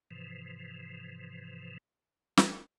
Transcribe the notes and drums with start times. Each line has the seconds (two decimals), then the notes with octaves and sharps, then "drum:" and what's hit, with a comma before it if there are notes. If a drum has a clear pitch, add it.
0.11 G#2 C3 E3 F3
2.37 drum: snare